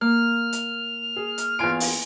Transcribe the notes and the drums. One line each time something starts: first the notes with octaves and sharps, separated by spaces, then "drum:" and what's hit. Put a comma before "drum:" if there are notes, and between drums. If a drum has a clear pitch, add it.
A#3 F6
drum: hi-hat
G#4
drum: hi-hat
E2 F4 G#5 C6 D7
drum: open hi-hat